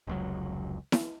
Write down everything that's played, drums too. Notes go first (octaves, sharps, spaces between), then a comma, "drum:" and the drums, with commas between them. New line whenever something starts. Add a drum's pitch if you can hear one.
F1 C#2 F#3
drum: snare E4